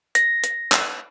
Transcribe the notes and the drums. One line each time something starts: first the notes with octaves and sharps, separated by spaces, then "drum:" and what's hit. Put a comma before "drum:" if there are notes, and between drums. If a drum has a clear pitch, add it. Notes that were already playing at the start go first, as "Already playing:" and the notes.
A#6, drum: hi-hat
drum: hi-hat
drum: clap